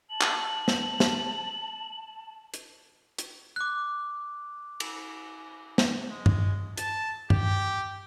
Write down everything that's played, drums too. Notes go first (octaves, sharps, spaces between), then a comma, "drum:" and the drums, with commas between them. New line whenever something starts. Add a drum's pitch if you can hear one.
A5 F#7
drum: clap
drum: snare
drum: snare
drum: hi-hat
drum: hi-hat
D6 F#6
drum: cymbal
drum: snare
G#3
drum: tom G2
A5, drum: hi-hat
G4, drum: tom G2